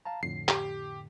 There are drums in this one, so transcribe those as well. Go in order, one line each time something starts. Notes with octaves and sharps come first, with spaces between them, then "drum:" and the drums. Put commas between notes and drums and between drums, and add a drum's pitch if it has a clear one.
F5 A5 A#5
F2 A2 D3 C7
G4, drum: clap